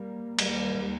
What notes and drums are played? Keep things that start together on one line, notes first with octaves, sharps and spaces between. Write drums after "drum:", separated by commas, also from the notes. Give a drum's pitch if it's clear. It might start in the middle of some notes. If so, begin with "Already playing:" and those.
Already playing: G3 A#3
D#2 G3 A#3, drum: cymbal